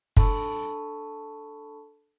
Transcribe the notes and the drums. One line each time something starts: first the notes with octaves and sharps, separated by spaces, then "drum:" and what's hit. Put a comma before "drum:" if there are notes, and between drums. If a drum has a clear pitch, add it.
D4 A4 A5 B5 C#6 E6, drum: kick